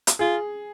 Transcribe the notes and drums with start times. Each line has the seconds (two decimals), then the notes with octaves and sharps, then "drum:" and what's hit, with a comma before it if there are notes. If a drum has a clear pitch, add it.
0.07 drum: hi-hat
0.19 F4 G#4